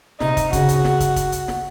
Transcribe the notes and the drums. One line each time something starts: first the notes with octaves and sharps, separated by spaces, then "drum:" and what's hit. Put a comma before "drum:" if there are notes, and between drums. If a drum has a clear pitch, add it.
C3 D#4, drum: snare
drum: kick, hi-hat
C#3 F#4, drum: kick, hi-hat
drum: hi-hat
drum: snare
drum: kick, hi-hat
drum: kick, hi-hat
drum: hi-hat
drum: snare